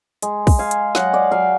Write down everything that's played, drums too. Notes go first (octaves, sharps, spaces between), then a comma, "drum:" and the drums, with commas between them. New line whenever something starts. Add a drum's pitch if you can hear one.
G#3, drum: hi-hat
drum: kick, open hi-hat
G#3 F5 G#5
drum: hi-hat
F#3 D#5 F#5, drum: snare
D5 F5
F#3 F5 G#5